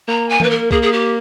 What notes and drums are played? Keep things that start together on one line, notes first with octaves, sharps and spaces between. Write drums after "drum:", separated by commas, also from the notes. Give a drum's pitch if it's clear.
A#3 A#5
G#5
A#3 B4, drum: tom E3
A#4
A#3 G#4, drum: kick
G#4
G4